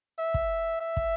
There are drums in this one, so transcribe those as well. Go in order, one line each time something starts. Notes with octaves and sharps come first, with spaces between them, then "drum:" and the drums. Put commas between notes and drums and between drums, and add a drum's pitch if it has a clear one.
E5
drum: kick
E5
drum: kick